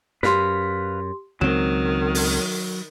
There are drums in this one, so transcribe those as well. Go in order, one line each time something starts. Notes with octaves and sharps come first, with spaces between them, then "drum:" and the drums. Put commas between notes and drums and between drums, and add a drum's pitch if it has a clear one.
F#2 G4 B4 F5 C6, drum: snare
C#2 D#3 F#3 C4 E7
drum: open hi-hat